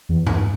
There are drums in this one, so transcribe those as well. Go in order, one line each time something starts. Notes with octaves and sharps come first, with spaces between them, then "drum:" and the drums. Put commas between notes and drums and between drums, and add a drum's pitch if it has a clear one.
E2
drum: tom G2